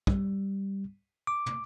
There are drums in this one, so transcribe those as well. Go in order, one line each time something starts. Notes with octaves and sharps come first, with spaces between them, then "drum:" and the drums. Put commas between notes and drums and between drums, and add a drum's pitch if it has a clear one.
G3, drum: kick
D6
drum: tom